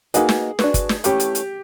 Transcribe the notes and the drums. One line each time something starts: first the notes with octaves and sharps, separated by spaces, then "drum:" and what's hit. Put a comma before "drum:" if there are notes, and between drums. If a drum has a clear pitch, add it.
A#3 D#4 F#4 G#4 B4 D#5, drum: hi-hat
drum: snare
D4 F#4 B4, drum: snare
drum: kick G1, hi-hat
drum: snare
E3 A3 C#4 G4, drum: hi-hat
drum: hi-hat
drum: hi-hat